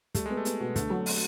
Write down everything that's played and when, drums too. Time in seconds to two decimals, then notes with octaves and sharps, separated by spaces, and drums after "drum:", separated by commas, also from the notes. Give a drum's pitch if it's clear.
0.15 G3 A3, drum: kick, hi-hat
0.26 G#3 B3
0.37 A3
0.45 B3, drum: hi-hat
0.60 B2
0.76 D3 A3, drum: kick, hi-hat
0.90 F#3
1.06 drum: open hi-hat